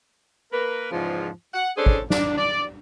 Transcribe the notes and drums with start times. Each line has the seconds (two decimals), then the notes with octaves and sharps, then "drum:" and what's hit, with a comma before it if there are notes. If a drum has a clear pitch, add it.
0.52 A#3 A#4 B4
0.91 E2 G#2 C#3 F3
1.54 F#5
1.77 C#4 D4 G#4 A4 C5
1.86 drum: kick
2.10 D4, drum: snare
2.38 D5